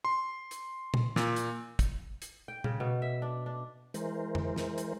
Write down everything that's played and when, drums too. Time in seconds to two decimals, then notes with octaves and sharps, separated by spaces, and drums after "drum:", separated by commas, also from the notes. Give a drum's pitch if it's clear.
0.05 C6
0.51 drum: hi-hat
0.94 drum: tom
1.16 A#2, drum: snare
1.36 drum: hi-hat
1.79 drum: kick, hi-hat
2.22 drum: hi-hat
2.48 G5
2.64 C#3, drum: tom A#2
2.80 B2
3.02 E5
3.22 D4
3.46 D4
3.94 E3 G#3 A#4 C5, drum: hi-hat
4.35 drum: tom F2
4.56 drum: snare
4.78 drum: hi-hat